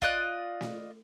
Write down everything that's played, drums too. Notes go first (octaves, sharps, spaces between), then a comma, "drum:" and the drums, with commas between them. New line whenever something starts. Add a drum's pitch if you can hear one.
F4 D5 D#5 F#6, drum: kick
drum: snare